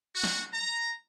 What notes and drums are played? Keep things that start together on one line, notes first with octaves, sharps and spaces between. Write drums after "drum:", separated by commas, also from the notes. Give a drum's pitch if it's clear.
F#4
drum: snare
A#5